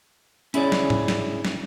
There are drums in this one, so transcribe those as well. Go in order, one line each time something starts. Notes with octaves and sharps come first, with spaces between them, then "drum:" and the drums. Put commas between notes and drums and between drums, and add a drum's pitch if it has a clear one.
C#4 E4 G#4 C#5 D5, drum: hi-hat
drum: snare
drum: tom G#2
drum: snare
drum: snare